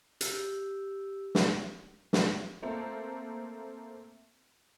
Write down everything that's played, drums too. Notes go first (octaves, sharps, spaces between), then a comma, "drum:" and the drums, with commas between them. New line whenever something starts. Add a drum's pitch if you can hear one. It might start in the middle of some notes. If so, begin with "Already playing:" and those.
G4 E6, drum: hi-hat
drum: snare
drum: snare
A3 A#3 C4